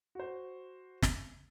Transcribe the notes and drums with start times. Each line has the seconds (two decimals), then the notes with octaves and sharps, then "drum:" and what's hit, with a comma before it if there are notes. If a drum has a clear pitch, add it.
0.15 F#4 C5
1.02 drum: snare